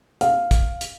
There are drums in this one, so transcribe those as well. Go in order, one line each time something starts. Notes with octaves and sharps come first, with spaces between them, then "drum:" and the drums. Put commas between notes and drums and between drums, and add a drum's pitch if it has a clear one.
F5, drum: hi-hat
drum: kick, hi-hat
drum: hi-hat